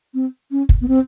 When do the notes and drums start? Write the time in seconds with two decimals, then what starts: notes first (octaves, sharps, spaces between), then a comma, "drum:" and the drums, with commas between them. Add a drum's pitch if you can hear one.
0.14 C4
0.51 C#4
0.69 drum: kick
0.81 B3
0.88 C4